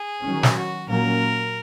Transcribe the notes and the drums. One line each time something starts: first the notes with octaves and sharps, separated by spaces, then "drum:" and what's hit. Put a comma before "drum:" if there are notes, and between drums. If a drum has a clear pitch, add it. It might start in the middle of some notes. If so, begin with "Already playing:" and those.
Already playing: G#4
D#3 F#3 C#4
drum: snare
F#4
A#2 F#3 A#3 C#4 A#4